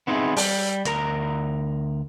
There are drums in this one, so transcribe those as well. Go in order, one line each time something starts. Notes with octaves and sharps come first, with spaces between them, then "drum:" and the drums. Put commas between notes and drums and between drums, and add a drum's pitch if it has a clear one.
B3 C4 D#4 E4 G#4
G3, drum: open hi-hat
D2 A#4 A#5, drum: hi-hat